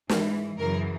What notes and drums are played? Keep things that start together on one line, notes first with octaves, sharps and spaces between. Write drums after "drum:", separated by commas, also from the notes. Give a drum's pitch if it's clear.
G#2 E3, drum: snare
F#2 C#3 E3 A#4